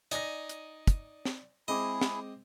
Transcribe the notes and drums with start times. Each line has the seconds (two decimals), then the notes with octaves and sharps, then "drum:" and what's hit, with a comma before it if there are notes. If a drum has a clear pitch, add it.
0.11 D#4 D5 G#5 A#6, drum: hi-hat
0.49 drum: hi-hat
0.87 drum: kick, hi-hat
1.25 drum: snare
1.68 G#3 C4 E4 G#4 D#5 D6
2.01 drum: snare